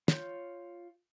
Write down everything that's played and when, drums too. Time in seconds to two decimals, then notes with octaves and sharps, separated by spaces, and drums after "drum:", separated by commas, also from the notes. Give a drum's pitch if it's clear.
0.08 F4 C#5 G6, drum: snare